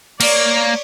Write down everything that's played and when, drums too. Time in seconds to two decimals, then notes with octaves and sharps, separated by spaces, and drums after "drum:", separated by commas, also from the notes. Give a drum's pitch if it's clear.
0.21 A#3 C#5 D5, drum: cymbal